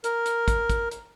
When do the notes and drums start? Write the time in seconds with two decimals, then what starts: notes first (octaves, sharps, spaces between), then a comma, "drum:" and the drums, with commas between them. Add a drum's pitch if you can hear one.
0.04 A#4, drum: hi-hat
0.26 drum: hi-hat
0.48 drum: kick, hi-hat
0.70 drum: kick, hi-hat
0.91 drum: hi-hat